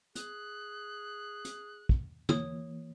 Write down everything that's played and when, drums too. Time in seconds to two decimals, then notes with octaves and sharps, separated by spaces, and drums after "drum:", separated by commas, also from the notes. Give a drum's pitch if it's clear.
0.15 G#4 F#6, drum: hi-hat
1.45 drum: hi-hat
1.89 drum: kick
2.29 E3 A#3 C#5 D#6, drum: tom